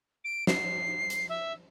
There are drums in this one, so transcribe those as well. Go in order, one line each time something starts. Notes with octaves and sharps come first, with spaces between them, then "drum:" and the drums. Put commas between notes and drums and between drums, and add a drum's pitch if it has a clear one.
D7
C7, drum: snare
drum: hi-hat
E5